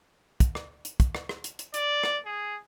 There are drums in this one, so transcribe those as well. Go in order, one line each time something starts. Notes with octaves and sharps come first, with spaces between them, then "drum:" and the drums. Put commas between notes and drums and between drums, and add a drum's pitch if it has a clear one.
drum: kick, hi-hat
drum: rim click
drum: hi-hat
drum: kick, hi-hat
drum: rim click
drum: rim click
drum: hi-hat
drum: hi-hat
D5, drum: hi-hat
drum: rim click
G#4